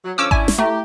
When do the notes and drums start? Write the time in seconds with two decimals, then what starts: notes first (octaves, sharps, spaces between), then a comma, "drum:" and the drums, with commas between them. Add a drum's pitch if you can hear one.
0.05 F#3
0.18 D3 F3 C#4 D6 E6
0.31 C#4 D4 E4 G#5, drum: kick G#1
0.48 drum: snare
0.58 A3 E4 G4 E5 A#5